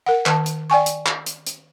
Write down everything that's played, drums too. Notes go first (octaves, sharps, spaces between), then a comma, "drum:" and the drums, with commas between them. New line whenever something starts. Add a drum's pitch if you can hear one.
A#4 F#5
D#3 A5, drum: clap
drum: hi-hat
D5 G5 G#5 C#6
drum: hi-hat
drum: clap
drum: hi-hat
drum: hi-hat